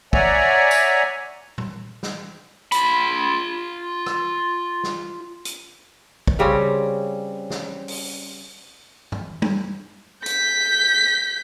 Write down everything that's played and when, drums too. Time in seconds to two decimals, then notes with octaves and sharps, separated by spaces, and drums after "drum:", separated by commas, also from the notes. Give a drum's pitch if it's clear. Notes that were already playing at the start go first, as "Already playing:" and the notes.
0.13 C#5 D5 E5 F#5 G#5 A#5, drum: kick
0.71 drum: tambourine
1.58 drum: tom A#2
2.03 drum: snare
2.72 F4 B5, drum: hi-hat
4.06 drum: rim click
4.84 drum: snare
5.45 drum: hi-hat
6.27 drum: kick
6.39 C#3 G3 C4 C#4
7.50 drum: snare
7.88 drum: open hi-hat
9.12 drum: tom F#2
9.42 drum: tom G3
10.26 G6 B6, drum: hi-hat